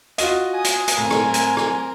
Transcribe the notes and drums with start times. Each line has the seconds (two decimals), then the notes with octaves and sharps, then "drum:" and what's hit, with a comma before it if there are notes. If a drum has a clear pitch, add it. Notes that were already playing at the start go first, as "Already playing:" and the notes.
0.18 F4 F#4 D#5, drum: hi-hat
0.55 G#5 D#6
0.64 drum: hi-hat
0.88 drum: hi-hat
0.98 A2 C4 A#4
1.11 drum: rim click
1.34 drum: hi-hat
1.57 drum: rim click